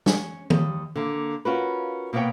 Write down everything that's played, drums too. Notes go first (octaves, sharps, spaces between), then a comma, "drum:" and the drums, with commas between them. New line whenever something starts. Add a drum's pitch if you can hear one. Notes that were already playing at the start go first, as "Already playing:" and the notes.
C#4, drum: snare
D#2 G3 D#5, drum: tom D#3
D3 A#3
C#4 F4 F#4 A#4 B4
B2 A#3 B3 B4 C#5 G5